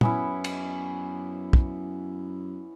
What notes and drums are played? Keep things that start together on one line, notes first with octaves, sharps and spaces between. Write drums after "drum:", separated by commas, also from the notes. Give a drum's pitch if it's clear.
F#2 B3 C#4 E4, drum: tom
drum: cymbal
drum: kick